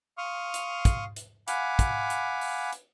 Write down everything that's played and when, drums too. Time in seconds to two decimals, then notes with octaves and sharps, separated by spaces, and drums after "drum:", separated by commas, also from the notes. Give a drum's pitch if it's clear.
0.18 F5 C6 C#6 D#6 F6
0.54 drum: hi-hat
0.85 drum: kick, hi-hat
1.16 drum: hi-hat
1.48 F5 F#5 G#5 B5 D6, drum: hi-hat
1.79 drum: kick, hi-hat
2.10 drum: hi-hat
2.41 drum: open hi-hat
2.73 drum: hi-hat